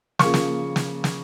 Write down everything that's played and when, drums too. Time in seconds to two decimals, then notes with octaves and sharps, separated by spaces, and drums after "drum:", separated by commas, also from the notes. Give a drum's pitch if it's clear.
0.19 C#3 F3 A#3 C#6, drum: snare
0.34 drum: snare
0.76 drum: snare
1.04 drum: snare